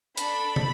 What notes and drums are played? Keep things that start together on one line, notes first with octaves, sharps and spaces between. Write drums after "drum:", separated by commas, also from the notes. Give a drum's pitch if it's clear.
D4 A4 B5, drum: hi-hat
drum: tom